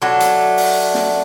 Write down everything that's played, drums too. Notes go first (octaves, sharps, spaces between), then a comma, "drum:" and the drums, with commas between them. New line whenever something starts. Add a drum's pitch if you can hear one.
F#3 A3 D4
drum: hi-hat
drum: open hi-hat
drum: snare